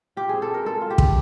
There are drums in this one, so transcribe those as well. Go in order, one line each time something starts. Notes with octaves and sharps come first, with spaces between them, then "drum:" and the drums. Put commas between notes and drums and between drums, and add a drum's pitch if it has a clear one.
F4 G4
C4 G#4
A4
B2 A#4
G#3 A4
F4
G4
C4, drum: kick